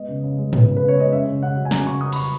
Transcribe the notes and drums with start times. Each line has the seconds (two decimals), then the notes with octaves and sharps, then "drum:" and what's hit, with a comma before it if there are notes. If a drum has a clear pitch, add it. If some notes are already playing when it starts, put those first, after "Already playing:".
Already playing: G#3 B3 D#5
0.08 C#3
0.23 C#3
0.38 G#3
0.53 B3, drum: tom G#2
0.68 C#3
0.77 B4
0.83 C#3
0.88 C#5
0.97 G#3 D#5
1.12 C#4 E5
1.28 C#3
1.42 C#3 F#5
1.56 F#3
1.65 G#5
1.71 C#4 A#5, drum: snare
1.86 C#3 C#6
2.01 C#3 D#6
2.12 B5, drum: cymbal
2.16 F#3 C#6